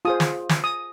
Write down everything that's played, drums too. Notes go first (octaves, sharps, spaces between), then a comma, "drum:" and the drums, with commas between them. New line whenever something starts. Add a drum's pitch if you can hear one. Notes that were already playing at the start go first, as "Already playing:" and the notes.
F4 G#4 C5 D#6
drum: snare
drum: snare
D#6